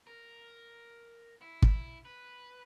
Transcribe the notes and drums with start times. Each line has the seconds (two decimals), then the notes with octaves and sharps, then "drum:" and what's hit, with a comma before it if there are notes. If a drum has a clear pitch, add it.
0.07 A#4
1.42 E4
1.62 drum: kick
2.05 B4